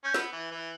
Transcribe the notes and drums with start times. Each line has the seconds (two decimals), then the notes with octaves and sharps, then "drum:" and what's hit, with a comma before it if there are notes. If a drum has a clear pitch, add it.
0.04 C#4 G6
0.14 B3 E6, drum: snare
0.32 E3
0.51 E3